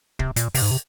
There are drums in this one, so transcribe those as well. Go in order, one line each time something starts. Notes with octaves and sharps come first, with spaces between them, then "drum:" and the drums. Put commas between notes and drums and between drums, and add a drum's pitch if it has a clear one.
C3, drum: kick
A#2, drum: hi-hat
C3, drum: open hi-hat
G#2
C3